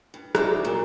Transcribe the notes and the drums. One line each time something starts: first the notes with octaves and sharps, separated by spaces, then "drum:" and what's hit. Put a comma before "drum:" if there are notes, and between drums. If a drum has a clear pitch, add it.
G2
D#4 F4 F#4 C5 D5 E5, drum: rim click
A#2 F#3 A#3